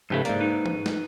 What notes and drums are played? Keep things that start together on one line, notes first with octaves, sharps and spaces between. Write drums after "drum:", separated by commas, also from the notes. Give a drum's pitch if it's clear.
F2 G#2 C#3 A3 G4 B4
G#2 A#3 D5, drum: hi-hat
D#4 B4
drum: tom
drum: snare